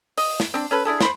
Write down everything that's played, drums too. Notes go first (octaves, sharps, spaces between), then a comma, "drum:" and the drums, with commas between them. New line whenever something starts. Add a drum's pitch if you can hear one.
D#5, drum: open hi-hat
drum: snare
C4 D4
C#4 A4 B4
D4 E4 G#4 A4
C5 B5 C6, drum: snare